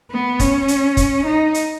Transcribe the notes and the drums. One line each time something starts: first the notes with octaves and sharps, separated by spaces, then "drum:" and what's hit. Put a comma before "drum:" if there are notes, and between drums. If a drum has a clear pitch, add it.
B3
C#4, drum: kick, hi-hat
drum: hi-hat
drum: kick, hi-hat
D#4
drum: hi-hat